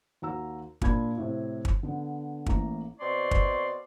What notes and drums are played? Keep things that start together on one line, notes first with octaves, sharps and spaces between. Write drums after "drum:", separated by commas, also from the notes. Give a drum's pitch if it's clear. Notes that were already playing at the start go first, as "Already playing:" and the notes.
D#2 F#4 A#5 E6
A#2 D4 B5 G#6, drum: kick
A2 C3
drum: kick
D3 B3
A1 A2 A#3 A#5, drum: kick
B2 C4 C#5 D5 C6
drum: kick